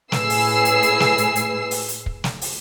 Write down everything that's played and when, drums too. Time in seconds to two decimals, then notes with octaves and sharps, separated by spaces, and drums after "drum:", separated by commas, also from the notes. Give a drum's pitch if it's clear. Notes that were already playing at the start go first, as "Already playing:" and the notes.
0.12 A2 G#4 B4 E6 C7, drum: snare
0.30 drum: open hi-hat
0.65 drum: hi-hat
0.83 drum: hi-hat
1.00 drum: snare
1.18 drum: hi-hat
1.36 drum: hi-hat
1.71 drum: open hi-hat
1.88 drum: hi-hat
2.06 drum: kick
2.24 drum: snare
2.41 drum: open hi-hat